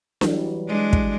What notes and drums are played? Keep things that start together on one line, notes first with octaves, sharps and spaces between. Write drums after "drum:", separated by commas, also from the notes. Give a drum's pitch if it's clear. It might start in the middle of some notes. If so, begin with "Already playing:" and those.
E3 F#3 G3, drum: snare D4
G#3 D4
drum: kick